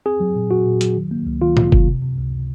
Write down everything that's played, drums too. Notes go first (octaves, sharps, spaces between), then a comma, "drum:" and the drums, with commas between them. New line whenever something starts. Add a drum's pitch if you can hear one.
C4 G#4
F#3
A#2
A#2 F#4
A#2
F#3, drum: hi-hat
D#3
A#3
C#2
D#3 F4
A#3, drum: tom
C3, drum: kick F#1
C3
C3
C#2